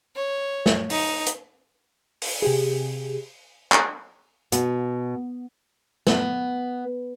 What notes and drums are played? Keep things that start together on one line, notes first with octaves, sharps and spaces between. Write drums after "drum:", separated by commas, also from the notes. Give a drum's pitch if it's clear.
C#5
drum: snare
D#4, drum: open hi-hat
drum: hi-hat
drum: open hi-hat
C3 G4 G#4
drum: clap
B2, drum: hi-hat
B3, drum: snare